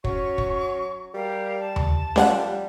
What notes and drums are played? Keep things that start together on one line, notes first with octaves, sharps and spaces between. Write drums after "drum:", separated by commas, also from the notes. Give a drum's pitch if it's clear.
F#3 C#4 C#6, drum: kick
drum: kick
G3 G4 A#4 F5
A5
drum: tom D#2
F3 G3 D5 F#5, drum: snare C#4